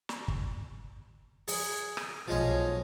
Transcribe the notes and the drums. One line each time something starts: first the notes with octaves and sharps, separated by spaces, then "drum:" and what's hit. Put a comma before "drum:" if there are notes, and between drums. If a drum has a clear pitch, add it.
drum: snare
drum: kick
G#4, drum: open hi-hat
drum: rim click
B1 F3 G#3 C#4